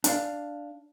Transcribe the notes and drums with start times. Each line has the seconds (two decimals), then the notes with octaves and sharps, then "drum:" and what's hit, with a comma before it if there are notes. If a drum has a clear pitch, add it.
0.04 D4 F5, drum: hi-hat